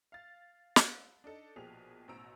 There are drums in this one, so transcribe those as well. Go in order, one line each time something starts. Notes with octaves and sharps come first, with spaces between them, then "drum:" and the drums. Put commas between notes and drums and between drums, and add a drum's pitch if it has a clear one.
F5 A6
drum: snare
D4 D#4 A4
A#1 B2 F3 G4 G#4 F7
A1 B2 C5 A#5 E6 D7